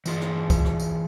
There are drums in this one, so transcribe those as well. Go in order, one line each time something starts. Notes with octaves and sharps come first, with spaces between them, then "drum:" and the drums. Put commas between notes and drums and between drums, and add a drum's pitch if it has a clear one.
E3 F4 G#4, drum: tambourine
drum: rim click
drum: kick, tambourine
drum: rim click
drum: tambourine